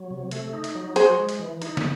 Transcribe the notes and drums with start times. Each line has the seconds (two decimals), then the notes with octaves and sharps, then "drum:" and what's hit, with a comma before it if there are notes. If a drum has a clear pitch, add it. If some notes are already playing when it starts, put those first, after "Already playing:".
Already playing: F#3
0.11 C3
0.31 A3, drum: hi-hat
0.53 D#4
0.64 drum: hi-hat
0.75 F#3
0.96 F#4 G#4 C5, drum: hi-hat
1.18 G#3
1.29 drum: hi-hat
1.39 E3
1.62 D#4, drum: hi-hat
1.77 drum: snare